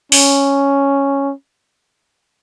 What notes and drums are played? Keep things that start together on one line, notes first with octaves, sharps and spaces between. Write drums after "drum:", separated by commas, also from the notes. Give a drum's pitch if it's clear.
C#4, drum: open hi-hat